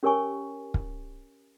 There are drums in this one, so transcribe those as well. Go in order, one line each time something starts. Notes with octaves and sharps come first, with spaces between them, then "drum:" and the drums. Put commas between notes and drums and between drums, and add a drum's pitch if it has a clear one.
C#4 G4 A#4 C#5 G#5 C#6
drum: kick